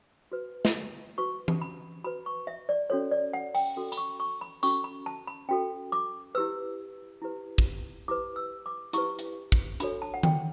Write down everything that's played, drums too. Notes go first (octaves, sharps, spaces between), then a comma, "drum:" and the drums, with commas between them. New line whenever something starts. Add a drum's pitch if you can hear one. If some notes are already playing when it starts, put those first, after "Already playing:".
F#4 B4
drum: snare
F#4 B4 C#6
drum: tom E3
B5
F#4 B4 B5
C#6
E5
D5
C#4 F#4 A4 C#5
D5
F#5
G5, drum: open hi-hat
C#4 F#4 A4
B5, drum: tambourine
C#6
C#6
B5
C#4 F#4 A4 C#6, drum: tambourine
B5
A5
B5
C#4 F#4 A4 G5
D6
E4 G4 B4 E6
E4 G4 B4
drum: kick
E4 G4 B4 D6
E6
D6
E4 G4 B4 C#6, drum: hi-hat
drum: hi-hat
drum: kick
D4 F#4 A4 C#5 B5, drum: hi-hat
A5
F#5
G5, drum: tom D#3